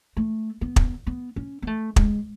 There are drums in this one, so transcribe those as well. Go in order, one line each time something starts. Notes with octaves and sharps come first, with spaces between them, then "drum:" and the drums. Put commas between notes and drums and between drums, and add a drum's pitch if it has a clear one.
A3
B3
drum: kick
B3
C#4
B3
A3
G#3, drum: kick